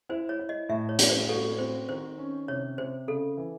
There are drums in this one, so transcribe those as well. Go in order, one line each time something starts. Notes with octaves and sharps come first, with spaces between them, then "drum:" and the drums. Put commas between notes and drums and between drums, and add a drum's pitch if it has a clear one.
E4 C5
C#5
E4
D#5
A2 E5
C#5
A2, drum: hi-hat
C5
F#4 A4
C4 C5
D#3 C5
C#4
C3 C#5
C3 C5
C#3 A4
E3